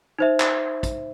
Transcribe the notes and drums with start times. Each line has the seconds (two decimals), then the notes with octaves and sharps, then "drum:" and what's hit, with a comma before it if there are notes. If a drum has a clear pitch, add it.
0.19 D#4 C5 E5
0.40 drum: clap
0.83 drum: kick, hi-hat